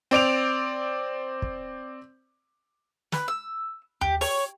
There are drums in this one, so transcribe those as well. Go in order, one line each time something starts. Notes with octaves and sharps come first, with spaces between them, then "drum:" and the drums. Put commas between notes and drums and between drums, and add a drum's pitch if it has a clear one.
C4 D5 D7 F7
drum: kick
B4, drum: snare
E6
G4, drum: tom D#2
C#5, drum: open hi-hat